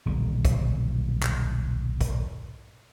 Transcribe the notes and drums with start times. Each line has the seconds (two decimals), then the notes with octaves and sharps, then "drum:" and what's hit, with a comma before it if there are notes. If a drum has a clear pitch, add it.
0.06 D#1 B1 D3 G3
0.45 drum: kick, hi-hat
1.23 drum: clap
2.01 drum: kick, hi-hat